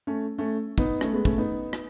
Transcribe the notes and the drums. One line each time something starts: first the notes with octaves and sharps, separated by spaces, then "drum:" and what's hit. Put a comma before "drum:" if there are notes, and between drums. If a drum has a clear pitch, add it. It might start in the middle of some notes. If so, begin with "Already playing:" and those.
A3 C#4
A3 C#4
B3 D#4, drum: kick
A3 C#4, drum: rim click
G#3 B3
A3 C#4, drum: kick
B3 D#4
drum: rim click